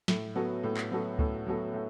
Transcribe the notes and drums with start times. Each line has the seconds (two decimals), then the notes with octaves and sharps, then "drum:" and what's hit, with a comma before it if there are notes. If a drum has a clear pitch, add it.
0.08 A2, drum: snare
0.35 F#3 B3 F#4 A4
0.63 A2
0.77 drum: clap
0.92 F#3 B3 F#4 A4
1.19 A2, drum: kick C#2
1.46 F#3 B3 F#4 A4
1.74 A2